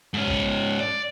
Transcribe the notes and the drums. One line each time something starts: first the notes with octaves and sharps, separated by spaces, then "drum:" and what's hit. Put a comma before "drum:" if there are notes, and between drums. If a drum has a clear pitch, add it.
G#2 C#4
drum: kick A1
D5